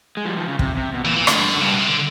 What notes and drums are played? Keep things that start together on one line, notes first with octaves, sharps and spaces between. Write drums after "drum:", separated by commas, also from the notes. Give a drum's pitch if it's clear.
G#3
F3 G3
D#3 F3
C#3
C3, drum: kick
C3
B2
A#2 E3
A#2 E3
A2 D3, drum: rim click
G2
F#2
G2 C#3
B2
C3
D3